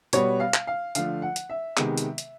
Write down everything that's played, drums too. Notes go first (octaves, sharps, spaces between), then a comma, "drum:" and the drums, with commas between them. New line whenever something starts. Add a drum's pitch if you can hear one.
B2 G3 B3 C#5, drum: hi-hat
F5
drum: clap
F5
D3 F3 A3 F5, drum: hi-hat
F#5
drum: hi-hat
E5
C3 D#3 G#3 B3, drum: clap
drum: hi-hat
drum: hi-hat